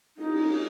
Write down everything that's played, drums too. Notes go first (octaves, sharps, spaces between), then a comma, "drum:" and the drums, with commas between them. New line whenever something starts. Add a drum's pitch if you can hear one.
D#4, drum: cymbal
drum: cymbal
drum: cymbal